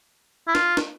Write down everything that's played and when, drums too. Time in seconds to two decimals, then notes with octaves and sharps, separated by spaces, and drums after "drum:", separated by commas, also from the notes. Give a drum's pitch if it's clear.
0.48 E4
0.55 F4, drum: snare
0.77 drum: snare